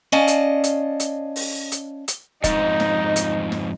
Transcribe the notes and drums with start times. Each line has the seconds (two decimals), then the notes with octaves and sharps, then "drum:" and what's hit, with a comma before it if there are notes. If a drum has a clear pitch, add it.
0.12 C#4 D5 D#5 F5 A5
0.28 drum: hi-hat
0.64 drum: hi-hat
1.00 drum: hi-hat
1.36 drum: open hi-hat
1.72 drum: hi-hat
2.08 drum: hi-hat
2.44 F2 G#2 D#4 D#5, drum: kick, hi-hat
2.80 drum: snare
3.16 drum: hi-hat
3.52 drum: snare